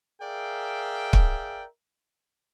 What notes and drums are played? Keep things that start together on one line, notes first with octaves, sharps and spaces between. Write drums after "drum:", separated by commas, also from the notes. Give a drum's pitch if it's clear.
G#4 A#4 D5 E5 F5 G5
drum: kick